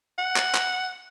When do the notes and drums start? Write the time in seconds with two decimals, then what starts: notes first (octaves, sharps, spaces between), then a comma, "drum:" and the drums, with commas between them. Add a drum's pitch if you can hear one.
0.18 F#5
0.36 drum: clap
0.54 drum: clap